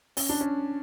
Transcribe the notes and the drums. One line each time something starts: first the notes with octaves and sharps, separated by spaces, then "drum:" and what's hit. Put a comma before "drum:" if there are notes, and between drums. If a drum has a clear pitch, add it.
C#4, drum: open hi-hat
D4
C#4